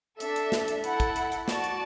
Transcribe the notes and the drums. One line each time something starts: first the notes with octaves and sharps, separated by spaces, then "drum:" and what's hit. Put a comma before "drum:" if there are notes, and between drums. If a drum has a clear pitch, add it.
D4 A4 E5, drum: hi-hat
drum: hi-hat
drum: snare
drum: hi-hat
E4 A4 F#5, drum: hi-hat
drum: kick, hi-hat
drum: hi-hat
drum: hi-hat
F#4 D5 A5, drum: snare
drum: hi-hat